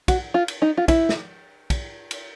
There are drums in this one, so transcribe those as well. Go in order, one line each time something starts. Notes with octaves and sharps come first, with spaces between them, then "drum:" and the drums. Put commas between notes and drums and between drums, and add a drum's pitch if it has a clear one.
F#4, drum: kick, cymbal
F4
drum: cymbal
D#4
F4
E4, drum: kick, cymbal
drum: snare
drum: kick, cymbal
drum: cymbal